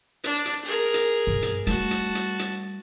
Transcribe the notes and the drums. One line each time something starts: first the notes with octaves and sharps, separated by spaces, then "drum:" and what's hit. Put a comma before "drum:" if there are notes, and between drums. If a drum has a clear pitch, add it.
D4, drum: hi-hat
drum: hi-hat
G#4 A#4
drum: hi-hat
G2 B2
drum: hi-hat
G3 A3 F#4 A5, drum: hi-hat
drum: hi-hat
drum: hi-hat
drum: hi-hat